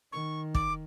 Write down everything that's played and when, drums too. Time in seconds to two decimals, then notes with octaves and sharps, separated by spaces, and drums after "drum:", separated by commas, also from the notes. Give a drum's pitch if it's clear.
0.12 D#3 C#6
0.55 D6, drum: kick